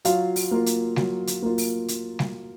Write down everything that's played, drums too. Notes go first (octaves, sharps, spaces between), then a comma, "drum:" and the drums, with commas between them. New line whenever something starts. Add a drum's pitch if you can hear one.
F#3 F4 F5, drum: hi-hat
drum: open hi-hat
A#3 F4
drum: hi-hat
F#3, drum: snare G3
drum: hi-hat
A#3 F4
drum: open hi-hat
drum: hi-hat
drum: snare G3